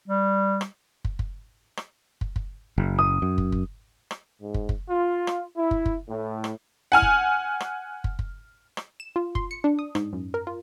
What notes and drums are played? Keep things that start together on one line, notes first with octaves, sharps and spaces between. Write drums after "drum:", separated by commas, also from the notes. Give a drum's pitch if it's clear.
G3
drum: rim click
drum: kick
drum: kick
drum: rim click
drum: kick
drum: kick
F#1
D#6
F#2
drum: kick
drum: kick
drum: rim click
G#2
drum: kick
drum: kick
F4
drum: rim click
E4
drum: kick
drum: kick
A2
drum: rim click
F#5 G#5 F6
drum: kick
drum: rim click
drum: kick
drum: kick
drum: rim click
E7
F4
C6, drum: kick
C#7
D4
D#6
G#2, drum: rim click
F#2
A#4
F4